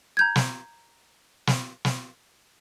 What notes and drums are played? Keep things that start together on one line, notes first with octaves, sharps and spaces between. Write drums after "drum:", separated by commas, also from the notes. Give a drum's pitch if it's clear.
A#5 G6 G#6
drum: snare
drum: snare
drum: snare